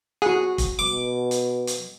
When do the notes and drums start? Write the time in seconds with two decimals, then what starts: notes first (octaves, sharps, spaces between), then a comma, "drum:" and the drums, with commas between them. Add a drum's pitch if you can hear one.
0.22 F#4 G#4 F#5
0.58 drum: kick, hi-hat
0.79 B2 D6
1.31 drum: hi-hat
1.67 drum: hi-hat